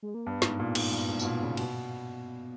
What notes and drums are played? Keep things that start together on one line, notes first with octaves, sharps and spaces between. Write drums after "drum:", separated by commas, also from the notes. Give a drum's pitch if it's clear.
G#3
A#3
G2 B3
G#2, drum: snare
A#2
G#2, drum: cymbal
G2
G#2
B2, drum: tambourine
A#2
C#3
B2 B3, drum: cymbal